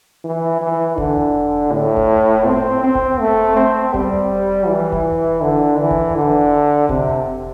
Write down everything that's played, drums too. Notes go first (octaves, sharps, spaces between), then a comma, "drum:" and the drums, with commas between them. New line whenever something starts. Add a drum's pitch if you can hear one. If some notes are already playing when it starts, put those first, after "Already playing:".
E3
E3
D3, drum: kick F1
A2
drum: kick F1
C4
C4
drum: kick F1
A3
C4
G3, drum: kick F1
E3
drum: kick F1
D3
E3
drum: kick F1
D3
C3, drum: kick F1